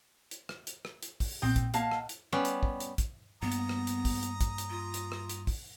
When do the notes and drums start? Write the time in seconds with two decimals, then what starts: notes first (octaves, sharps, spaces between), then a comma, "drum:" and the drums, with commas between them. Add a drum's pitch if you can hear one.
0.31 drum: hi-hat
0.49 drum: rim click
0.67 drum: hi-hat
0.85 drum: rim click
1.03 drum: hi-hat
1.20 drum: kick, open hi-hat
1.42 B1 A#2 C4 G5 D#6
1.56 drum: kick, hi-hat
1.74 A#3 D#5 F5 F#5 A5, drum: hi-hat
1.91 drum: rim click
2.09 drum: hi-hat
2.32 G3 B3 C#4
2.45 drum: hi-hat
2.63 drum: kick
2.80 drum: hi-hat
2.98 drum: kick, hi-hat
3.42 G2 G3 A#3 B3 A#5 D#6
3.52 drum: hi-hat
3.69 drum: rim click
3.87 drum: hi-hat
4.05 drum: kick, open hi-hat
4.23 drum: hi-hat
4.41 drum: kick, hi-hat
4.58 drum: hi-hat
4.70 F4
4.94 drum: hi-hat
5.12 drum: rim click
5.29 drum: hi-hat
5.47 drum: kick, open hi-hat